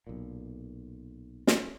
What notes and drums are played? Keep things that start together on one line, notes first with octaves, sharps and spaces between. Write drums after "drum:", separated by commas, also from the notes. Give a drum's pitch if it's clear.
B1 A#2
drum: snare